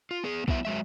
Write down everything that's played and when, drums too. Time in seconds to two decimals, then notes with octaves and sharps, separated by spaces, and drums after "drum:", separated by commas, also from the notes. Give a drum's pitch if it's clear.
0.11 F4
0.24 B3 G#4
0.48 F#3 B3 E4 E5, drum: kick
0.65 F#3 G#3 E5